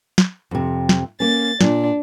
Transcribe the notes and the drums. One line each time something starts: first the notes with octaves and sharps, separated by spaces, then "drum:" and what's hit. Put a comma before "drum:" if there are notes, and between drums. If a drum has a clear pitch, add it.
drum: snare
F2 C3
drum: snare
A#3 C#4 A6
A#2 D4, drum: snare